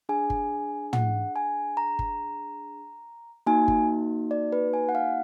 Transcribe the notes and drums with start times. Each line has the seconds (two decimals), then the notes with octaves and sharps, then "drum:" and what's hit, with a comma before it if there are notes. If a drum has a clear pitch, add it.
0.09 D4 G#4 G#5
0.30 drum: kick G1
0.93 F#5, drum: tom
1.36 G#5
1.77 A#5
1.99 drum: kick G1
3.46 A#3 D#4 F#4 G#5
3.68 drum: kick G1
4.31 D5
4.53 B4
4.74 G#5
4.89 F#5
4.95 F5